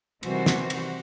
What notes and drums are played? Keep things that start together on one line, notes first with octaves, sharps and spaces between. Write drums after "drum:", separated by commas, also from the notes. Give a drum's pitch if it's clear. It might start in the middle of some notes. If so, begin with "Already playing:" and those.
C3 D#3 E3 G3 F#4 C5, drum: cymbal
drum: snare
drum: cymbal